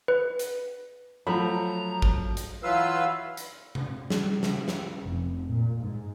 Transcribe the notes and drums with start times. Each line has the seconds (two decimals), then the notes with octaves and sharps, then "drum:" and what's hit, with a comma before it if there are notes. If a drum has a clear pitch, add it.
0.08 B4
0.39 drum: hi-hat
1.27 F3 F#3 A3 A#5 B5
2.02 drum: kick
2.37 drum: hi-hat
2.63 E3 F#3 F4 B4 F5 E6
3.37 drum: hi-hat
3.75 drum: tom C3
4.10 G3, drum: snare
4.43 C#3, drum: snare
4.68 drum: snare
5.04 F1
5.48 A#2
5.82 G#2